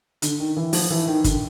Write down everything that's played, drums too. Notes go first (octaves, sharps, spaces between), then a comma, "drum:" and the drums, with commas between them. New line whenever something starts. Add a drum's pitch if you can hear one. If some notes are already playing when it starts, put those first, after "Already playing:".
D3, drum: hi-hat
D#3
E3
F3, drum: open hi-hat
E3
D#3
D3, drum: kick G1, hi-hat